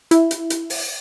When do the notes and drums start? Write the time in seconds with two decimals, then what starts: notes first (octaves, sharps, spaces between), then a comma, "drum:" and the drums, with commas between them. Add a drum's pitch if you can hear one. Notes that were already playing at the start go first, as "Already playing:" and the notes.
0.11 E4, drum: hi-hat
0.31 drum: hi-hat
0.50 drum: hi-hat
0.70 drum: open hi-hat